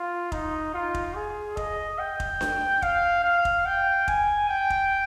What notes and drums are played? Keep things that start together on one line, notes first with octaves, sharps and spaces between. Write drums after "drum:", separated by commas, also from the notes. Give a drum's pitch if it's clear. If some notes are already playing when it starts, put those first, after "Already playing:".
Already playing: F4
D#4, drum: kick F1
F4
drum: kick F1
G#4
D#5, drum: kick F1
G5
drum: kick F1
drum: snare D4
F5, drum: kick F1
F5
drum: kick F1
G5
G#5, drum: kick F1
G5
drum: kick F1